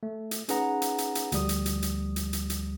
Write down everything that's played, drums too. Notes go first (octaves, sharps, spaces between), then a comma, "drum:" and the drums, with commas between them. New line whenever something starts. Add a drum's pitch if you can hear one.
A3
drum: hi-hat
C#4 D#4 G#4 B4 F#5 A#5, drum: hi-hat
drum: hi-hat
drum: hi-hat
drum: hi-hat
D2 F3 G3 D#6, drum: hi-hat
drum: hi-hat
drum: hi-hat
drum: hi-hat
drum: hi-hat
drum: hi-hat
drum: hi-hat